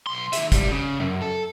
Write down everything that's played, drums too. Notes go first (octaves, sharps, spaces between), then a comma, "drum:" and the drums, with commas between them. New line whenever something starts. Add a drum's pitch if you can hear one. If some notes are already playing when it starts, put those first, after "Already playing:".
B1 C6
D#3 E5, drum: hi-hat
G#2 G3, drum: kick, hi-hat
C#3
F#2
A4